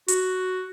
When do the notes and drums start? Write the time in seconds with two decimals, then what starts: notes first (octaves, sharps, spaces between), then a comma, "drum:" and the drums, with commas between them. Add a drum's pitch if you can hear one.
0.08 F#4, drum: hi-hat